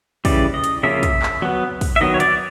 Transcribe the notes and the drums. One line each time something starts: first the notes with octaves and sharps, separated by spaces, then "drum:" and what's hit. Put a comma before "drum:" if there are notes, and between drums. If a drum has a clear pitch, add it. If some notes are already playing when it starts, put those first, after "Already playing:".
C#3 E3 G3 D5, drum: kick, open hi-hat
D#5
drum: hi-hat
C#3 F3 A#3 C#4 E5
drum: kick, hi-hat
drum: clap
F#3 B3, drum: tom
drum: kick, open hi-hat
E5
D#3 F#3 B3 D#5
C#5
D5, drum: hi-hat